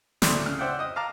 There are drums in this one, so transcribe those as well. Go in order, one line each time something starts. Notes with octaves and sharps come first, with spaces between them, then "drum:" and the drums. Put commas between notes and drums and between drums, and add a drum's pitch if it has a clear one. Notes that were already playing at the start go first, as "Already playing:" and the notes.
D2 A2 C4 A4 D5 C6, drum: snare
C#3 F6
C5 D5 E5 F#5 G5
D#5 D#6
F5 A5 A#5 D6 F6